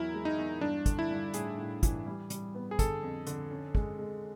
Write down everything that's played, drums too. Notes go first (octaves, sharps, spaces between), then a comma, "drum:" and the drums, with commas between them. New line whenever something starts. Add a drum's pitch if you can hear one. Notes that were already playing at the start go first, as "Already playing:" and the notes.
Already playing: E2 F#3 E4 A#4
G#3
D#4
E2
G2 D4
D3, drum: kick, hi-hat
E4
G2
A2 G#4, drum: hi-hat
A2
E3, drum: kick, hi-hat
G3
G3, drum: hi-hat
B3
G#4
D3 A4, drum: kick, hi-hat
F2
D3, drum: hi-hat
C#4
G#3, drum: kick
G#3